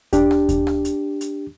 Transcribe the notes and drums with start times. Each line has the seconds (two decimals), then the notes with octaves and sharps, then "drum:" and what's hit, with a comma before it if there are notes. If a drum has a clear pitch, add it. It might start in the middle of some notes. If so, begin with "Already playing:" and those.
0.13 D4 G4, drum: kick D#2, hi-hat
0.31 drum: rim click
0.49 drum: kick D#2, hi-hat
0.67 drum: rim click
0.85 drum: hi-hat
1.21 drum: hi-hat